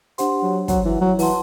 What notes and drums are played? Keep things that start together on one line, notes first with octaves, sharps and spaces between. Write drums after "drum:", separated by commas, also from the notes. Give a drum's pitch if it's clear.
D4 G4 C5 F#5 C6, drum: hi-hat
F#3
F#3, drum: kick, hi-hat
E3
F#3
E3 B4 F#5 A5 C6, drum: open hi-hat